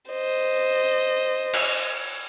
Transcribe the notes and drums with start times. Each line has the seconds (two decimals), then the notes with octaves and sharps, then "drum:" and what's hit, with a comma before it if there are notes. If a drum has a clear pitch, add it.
0.11 C5 D#5
1.54 drum: cymbal